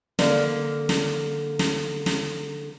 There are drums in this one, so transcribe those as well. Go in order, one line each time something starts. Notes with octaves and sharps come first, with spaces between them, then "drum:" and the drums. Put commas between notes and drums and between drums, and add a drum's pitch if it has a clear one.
D3 A#3, drum: snare
drum: snare
drum: snare
drum: snare